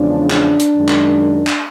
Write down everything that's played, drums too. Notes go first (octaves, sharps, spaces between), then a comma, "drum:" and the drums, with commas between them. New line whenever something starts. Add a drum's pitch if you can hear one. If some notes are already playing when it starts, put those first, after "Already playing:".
Already playing: E2 C#3 F3 G#3 B3 D4
D4, drum: clap
drum: hi-hat
F#2 D#3 G#3
drum: clap
drum: clap